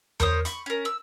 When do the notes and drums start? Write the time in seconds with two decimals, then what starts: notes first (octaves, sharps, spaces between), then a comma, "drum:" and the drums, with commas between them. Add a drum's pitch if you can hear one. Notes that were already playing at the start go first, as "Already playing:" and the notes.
0.20 A#4 C5 C#5 D#6, drum: tom E2
0.45 B5 C#6, drum: hi-hat
0.66 C#4 A#4
0.85 E6